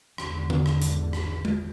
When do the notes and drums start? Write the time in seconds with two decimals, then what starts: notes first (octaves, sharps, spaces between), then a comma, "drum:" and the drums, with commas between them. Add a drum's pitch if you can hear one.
0.18 G#1 E2 D3, drum: rim click
0.50 drum: tom D3
0.66 drum: rim click
0.82 drum: hi-hat
1.13 drum: rim click
1.45 drum: tom G#3